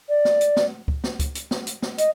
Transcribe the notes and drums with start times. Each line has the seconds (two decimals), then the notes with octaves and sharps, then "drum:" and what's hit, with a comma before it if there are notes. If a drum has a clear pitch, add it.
0.09 D5
0.25 drum: snare
0.41 drum: hi-hat
0.57 drum: snare
0.88 drum: kick C#2
1.04 drum: snare
1.19 drum: kick C#2, hi-hat
1.35 drum: hi-hat
1.51 drum: snare
1.67 drum: hi-hat
1.82 drum: snare
1.98 D#5, drum: hi-hat